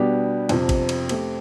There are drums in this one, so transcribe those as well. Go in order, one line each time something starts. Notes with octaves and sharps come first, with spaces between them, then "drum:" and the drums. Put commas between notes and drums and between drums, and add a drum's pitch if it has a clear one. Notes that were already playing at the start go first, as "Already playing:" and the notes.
Already playing: B2 G3 B3 D4 G4
F2 C3 F3, drum: cymbal
drum: kick G#1, cymbal
drum: cymbal
A3 C4 G4, drum: cymbal